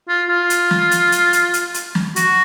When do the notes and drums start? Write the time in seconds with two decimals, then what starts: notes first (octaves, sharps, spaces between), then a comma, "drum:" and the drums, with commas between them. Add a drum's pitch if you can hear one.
0.08 F4
0.29 F4
0.50 drum: hi-hat
0.71 drum: snare
0.91 drum: hi-hat
1.12 drum: hi-hat
1.33 drum: hi-hat
1.54 drum: hi-hat
1.74 drum: hi-hat
1.95 drum: snare
2.16 F#4, drum: hi-hat